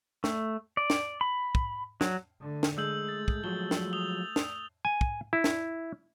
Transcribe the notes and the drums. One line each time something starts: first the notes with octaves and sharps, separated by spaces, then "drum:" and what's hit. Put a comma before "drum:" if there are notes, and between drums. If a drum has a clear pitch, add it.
A3, drum: snare
D5
drum: snare
B5
drum: kick
F#3, drum: snare
D3 A3
drum: snare
G#3 A3 E6 G6 F#7
A6
drum: kick
F3 F#3 G#3 G7
drum: snare
D#6 F7 G7
drum: snare
G#5
drum: kick
E4
drum: snare